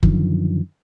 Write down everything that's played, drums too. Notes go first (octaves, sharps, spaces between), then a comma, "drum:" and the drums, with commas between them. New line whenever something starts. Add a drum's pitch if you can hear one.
F#2 D3 D#3 F3, drum: kick F#1